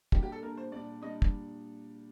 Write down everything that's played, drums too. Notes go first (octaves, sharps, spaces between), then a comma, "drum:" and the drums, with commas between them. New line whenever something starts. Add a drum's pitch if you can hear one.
A#2 G3 D4 G4, drum: kick
G4
A4
A#2 G3 D4 A#4
C5
A#2 G3 D4 D5
A#2 G3 D4 D#5
drum: kick